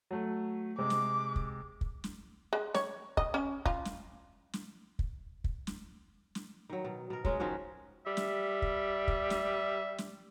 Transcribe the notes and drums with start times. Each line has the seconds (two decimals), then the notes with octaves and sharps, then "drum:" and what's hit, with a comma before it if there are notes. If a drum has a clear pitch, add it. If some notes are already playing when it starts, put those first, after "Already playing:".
0.11 F#3 A3
0.79 C3 G#3 D6
0.90 drum: snare
1.36 drum: kick
1.81 drum: kick
2.04 drum: snare
2.53 G#3
2.74 C#5, drum: snare
3.17 D#5, drum: kick
3.34 C#4
3.65 F4, drum: kick
3.85 drum: snare
4.53 drum: snare
4.99 drum: kick
5.44 drum: kick
5.67 drum: snare
6.35 drum: snare
6.70 D#3 F#3
6.85 B2
7.10 B2 A#4
7.25 F#3 G#3 C#4, drum: kick
7.40 D#3 F3 C#4 F#4
8.06 G3 E5
8.17 drum: snare
8.62 drum: kick
9.08 drum: kick
9.30 drum: snare
9.98 drum: snare